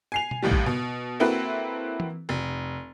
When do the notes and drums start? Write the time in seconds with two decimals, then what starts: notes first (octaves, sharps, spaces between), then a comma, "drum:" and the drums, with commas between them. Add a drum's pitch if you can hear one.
0.12 G#5 C7 F7
0.31 drum: tom B2
0.42 A1 D#2 A2 G3
0.51 drum: kick A#1
0.66 B2
1.20 A#3 C4 E4 F#4 A4 B4
2.00 drum: tom E3
2.29 F1